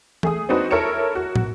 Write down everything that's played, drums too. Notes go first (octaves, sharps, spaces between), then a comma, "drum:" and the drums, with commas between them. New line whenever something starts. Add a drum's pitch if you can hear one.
A3 G#4 D#6, drum: tom E3
C4 D4 D#4 F#4 B4
E4 A4 A#4 C#5 C#7 E7
F#4
drum: tom